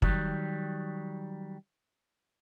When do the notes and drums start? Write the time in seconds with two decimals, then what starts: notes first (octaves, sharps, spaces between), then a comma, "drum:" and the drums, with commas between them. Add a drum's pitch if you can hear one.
0.02 D#3 F#3 G3, drum: kick